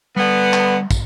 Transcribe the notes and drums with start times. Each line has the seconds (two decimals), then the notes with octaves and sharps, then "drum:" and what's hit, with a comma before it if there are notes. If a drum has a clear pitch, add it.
0.16 D3 G3 B3 F#5
0.53 drum: clap
0.91 drum: kick, tambourine